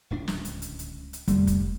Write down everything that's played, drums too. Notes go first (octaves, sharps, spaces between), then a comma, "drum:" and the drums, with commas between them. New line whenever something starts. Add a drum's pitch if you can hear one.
D1 C#2 D4
drum: snare
drum: hi-hat
drum: hi-hat
drum: hi-hat
drum: hi-hat
F1 D3 G3 A3 A#3, drum: kick, hi-hat
drum: kick, hi-hat